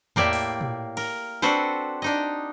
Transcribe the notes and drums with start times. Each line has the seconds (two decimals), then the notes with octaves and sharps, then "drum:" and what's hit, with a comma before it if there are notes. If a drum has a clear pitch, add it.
0.16 A2 A#3 G4 D5 E5, drum: tom E2
0.33 drum: open hi-hat
0.61 drum: tom A#2
0.97 A#4, drum: cymbal
1.42 C4 D4 F#4 A4 B4 C5, drum: snare
2.02 D4 D#4 D#5